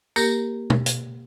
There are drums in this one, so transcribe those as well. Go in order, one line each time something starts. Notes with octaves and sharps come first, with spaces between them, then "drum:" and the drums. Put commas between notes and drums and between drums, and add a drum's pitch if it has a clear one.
A#3 G4 A#4, drum: tambourine
drum: tom
drum: hi-hat